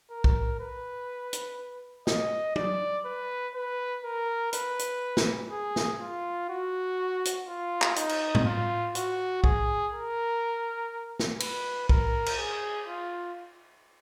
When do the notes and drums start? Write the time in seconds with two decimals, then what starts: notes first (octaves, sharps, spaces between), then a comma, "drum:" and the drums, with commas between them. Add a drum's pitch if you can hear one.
0.11 A#4
0.24 drum: kick B1
0.60 B4
1.33 drum: hi-hat
2.07 D#5, drum: snare
2.56 D5, drum: tom
3.05 B4
3.55 B4
4.04 A#4
4.53 B4, drum: hi-hat
4.79 drum: hi-hat
5.17 drum: snare
5.51 G#4
5.76 drum: snare
6.00 F4
6.49 F#4
7.25 drum: hi-hat
7.47 F4
7.82 drum: clap
7.96 D#4, drum: hi-hat
8.09 drum: cymbal
8.35 drum: tom A2
8.45 F4
8.95 F#4, drum: hi-hat
9.44 G#4, drum: kick B1
9.93 A#4
11.20 drum: snare
11.40 B4, drum: cymbal
11.89 A#4, drum: kick B1
12.26 drum: cymbal
12.39 G#4
12.88 F4